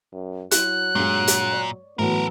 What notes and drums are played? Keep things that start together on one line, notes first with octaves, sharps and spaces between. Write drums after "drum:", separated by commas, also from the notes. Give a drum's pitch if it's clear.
F#2
F#3 E4 F#6, drum: hi-hat
G2 A#2 G#3
drum: hi-hat
C#5 D5
A2 E3 F#3 B3 A4 A#4